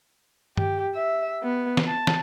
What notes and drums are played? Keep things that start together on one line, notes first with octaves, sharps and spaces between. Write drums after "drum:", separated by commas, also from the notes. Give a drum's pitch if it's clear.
G4, drum: tom G2
E5
B3
drum: snare
A5
drum: snare